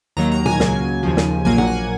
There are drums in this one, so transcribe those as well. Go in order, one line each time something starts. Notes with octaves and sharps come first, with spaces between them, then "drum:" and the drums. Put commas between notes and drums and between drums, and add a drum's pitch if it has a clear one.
D#2 D#3 F#3 A#3 A#5
A#5
G#5, drum: tom A#2
C#2 C#3 F#3 A#3, drum: snare
D#2 C#3 F3
drum: snare
A#1 A#2 F#3 A#3 G#5
F#5, drum: tom A#2
G#5